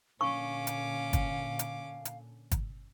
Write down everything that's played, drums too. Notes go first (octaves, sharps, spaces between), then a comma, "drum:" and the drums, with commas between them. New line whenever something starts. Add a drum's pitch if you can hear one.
A#2 D3 C#4 F5 C#6 D6
drum: hi-hat
drum: kick, hi-hat
drum: hi-hat
drum: hi-hat
drum: kick, hi-hat